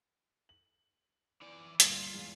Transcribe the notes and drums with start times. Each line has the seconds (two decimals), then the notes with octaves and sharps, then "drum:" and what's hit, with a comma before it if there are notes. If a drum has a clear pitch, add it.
0.49 F#7
1.42 E3 D5
1.80 D2 G2 A#2 F4, drum: hi-hat
2.14 E2 G#2